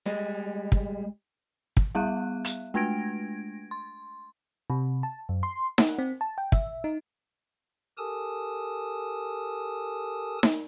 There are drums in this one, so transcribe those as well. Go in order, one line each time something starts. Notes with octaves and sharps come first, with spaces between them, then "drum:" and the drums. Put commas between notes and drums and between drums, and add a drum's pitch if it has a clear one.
G3 G#3 G#4 D#5
drum: kick
drum: kick
G3 B3 E5 F5 F#6
drum: hi-hat
G#3 A3 D4 G#6 A#6 D7
C6
C3
A5
F#2
C6
F#5, drum: snare D#4
C4
A5
G5
E5, drum: kick
D#4
G4 A4 A#4 G#5 A5 D#6
drum: snare D#4